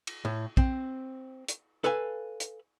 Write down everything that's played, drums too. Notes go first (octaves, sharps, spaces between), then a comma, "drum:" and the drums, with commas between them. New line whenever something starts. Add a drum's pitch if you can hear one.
drum: cymbal
A2
C4, drum: kick
drum: hi-hat
A4 B4 F5 G#5
drum: hi-hat